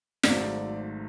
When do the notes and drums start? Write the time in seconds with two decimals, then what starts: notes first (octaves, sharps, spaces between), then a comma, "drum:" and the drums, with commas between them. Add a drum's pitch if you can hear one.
0.23 G#1 G#2 F#3 A3 D5, drum: snare